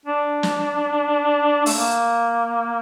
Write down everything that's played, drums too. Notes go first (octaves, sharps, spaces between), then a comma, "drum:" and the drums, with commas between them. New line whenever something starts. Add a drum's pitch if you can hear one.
D4
drum: snare
A3, drum: open hi-hat
A#3